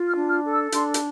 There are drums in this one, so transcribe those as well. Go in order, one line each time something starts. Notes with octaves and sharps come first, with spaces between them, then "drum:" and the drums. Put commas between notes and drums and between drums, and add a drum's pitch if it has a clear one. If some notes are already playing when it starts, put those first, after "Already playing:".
Already playing: F4
F6
D4
F6
A4
E6
D4 C6, drum: hi-hat
drum: hi-hat